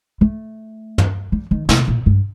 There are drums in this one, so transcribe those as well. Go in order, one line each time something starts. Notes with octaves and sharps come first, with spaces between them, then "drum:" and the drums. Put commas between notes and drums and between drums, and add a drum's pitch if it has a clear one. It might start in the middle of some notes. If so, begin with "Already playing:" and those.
A3
drum: tom
G3
D#3
C3, drum: snare
A#2
G2